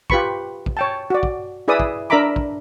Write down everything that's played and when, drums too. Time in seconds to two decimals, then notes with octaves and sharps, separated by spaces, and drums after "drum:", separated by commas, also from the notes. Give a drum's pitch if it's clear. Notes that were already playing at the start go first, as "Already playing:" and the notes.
0.10 F4 G4 B4 B5 C#6, drum: kick
0.66 drum: kick
0.77 C#5 G5 A5
1.10 F#4 D5
1.23 drum: kick
1.68 E4 G#4 B4 D5 E5 D#6
1.80 drum: kick
2.10 D4 A#4 E5 A#5 B5 D6
2.36 drum: kick